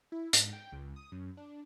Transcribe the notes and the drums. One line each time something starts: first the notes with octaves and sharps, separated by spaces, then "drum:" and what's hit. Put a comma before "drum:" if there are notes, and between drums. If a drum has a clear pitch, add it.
E4
G#2, drum: hi-hat
G5
C#2
D#6
F#2
D4